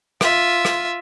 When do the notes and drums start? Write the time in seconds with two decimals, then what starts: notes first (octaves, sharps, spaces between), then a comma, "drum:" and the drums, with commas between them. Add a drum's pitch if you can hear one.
0.21 F4 E5, drum: rim click
0.65 drum: rim click